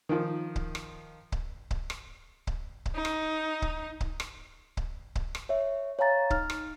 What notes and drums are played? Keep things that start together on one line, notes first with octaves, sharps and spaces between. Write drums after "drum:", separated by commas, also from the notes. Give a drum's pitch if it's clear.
D#3 F3
drum: kick C#1
drum: rim click
drum: kick C#1
drum: kick C#1
drum: rim click
drum: kick C#1
drum: kick C#1
D#4
drum: rim click
drum: kick C#1
drum: kick C#1
drum: rim click
drum: kick C#1
drum: kick C#1
drum: rim click
C#5 E5
C#5 F5 G#5 A#5 A6
D#4 F6, drum: kick C#1
drum: rim click